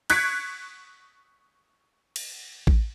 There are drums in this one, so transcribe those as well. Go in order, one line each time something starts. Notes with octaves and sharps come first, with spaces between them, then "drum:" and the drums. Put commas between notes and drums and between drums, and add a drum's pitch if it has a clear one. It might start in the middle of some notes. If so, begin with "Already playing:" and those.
C#6 F#6 G#6 B6 C#7 D7, drum: cymbal
drum: cymbal
drum: kick A1